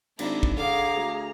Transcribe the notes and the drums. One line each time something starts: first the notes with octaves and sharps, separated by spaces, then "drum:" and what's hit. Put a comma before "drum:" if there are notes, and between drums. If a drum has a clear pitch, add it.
G#1 D4 E4 A#4, drum: cymbal
drum: kick
D3 G#4 F5 A#5 D6
D2